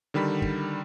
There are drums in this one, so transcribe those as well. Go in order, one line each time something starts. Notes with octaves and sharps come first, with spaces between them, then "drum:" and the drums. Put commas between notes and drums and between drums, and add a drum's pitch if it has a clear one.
D3 D#3 G3 B5 B6
drum: kick